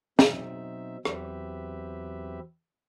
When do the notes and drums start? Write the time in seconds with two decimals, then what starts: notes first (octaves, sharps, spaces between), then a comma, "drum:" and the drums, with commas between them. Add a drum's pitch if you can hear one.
0.19 B2 F#3 C4 D#4 E5, drum: snare
1.05 E2 F#3 C4 G4 B4 E5, drum: rim click